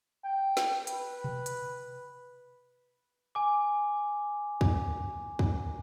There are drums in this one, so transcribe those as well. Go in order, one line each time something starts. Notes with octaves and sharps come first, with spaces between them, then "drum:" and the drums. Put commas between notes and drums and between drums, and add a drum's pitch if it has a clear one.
G5
drum: snare
B4, drum: hi-hat
drum: tom B2
drum: hi-hat
G#5 D6
drum: kick
drum: kick